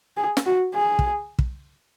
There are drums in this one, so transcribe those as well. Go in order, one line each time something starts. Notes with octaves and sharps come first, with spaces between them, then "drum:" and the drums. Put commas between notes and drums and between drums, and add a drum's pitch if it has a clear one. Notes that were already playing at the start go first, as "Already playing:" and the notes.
G#4
drum: snare
F#4
G#4
drum: kick
drum: kick